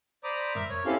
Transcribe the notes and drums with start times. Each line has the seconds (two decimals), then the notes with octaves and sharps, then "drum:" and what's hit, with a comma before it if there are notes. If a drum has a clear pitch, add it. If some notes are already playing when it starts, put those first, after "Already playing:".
0.24 C5 D5 A#5 B5 D6 D#6
0.55 A#4 E5, drum: tom
0.70 C#5
0.86 C4 C#4 E4 G4 A4 F5